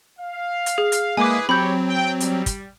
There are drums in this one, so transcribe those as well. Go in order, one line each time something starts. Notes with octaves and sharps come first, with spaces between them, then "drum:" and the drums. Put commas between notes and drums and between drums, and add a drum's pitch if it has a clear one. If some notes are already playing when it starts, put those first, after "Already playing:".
F5
drum: hi-hat
G#4
drum: hi-hat
G#3 A#3 E4 G#4 B4 G#5 D6 D#6
F#3 C4 G4 C#5 B5 G6
G5
G3, drum: hi-hat
drum: kick, hi-hat